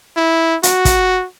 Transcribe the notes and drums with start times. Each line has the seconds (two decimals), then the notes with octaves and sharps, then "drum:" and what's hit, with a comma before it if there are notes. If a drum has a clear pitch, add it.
0.16 E4
0.63 F#4, drum: hi-hat
0.85 drum: kick, hi-hat